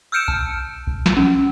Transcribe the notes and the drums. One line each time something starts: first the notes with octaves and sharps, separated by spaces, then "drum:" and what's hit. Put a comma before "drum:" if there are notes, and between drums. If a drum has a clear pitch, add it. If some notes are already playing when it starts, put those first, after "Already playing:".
E6 F6 G6 C#7 D7 E7
A5, drum: kick B1
drum: kick B1
drum: snare
C#4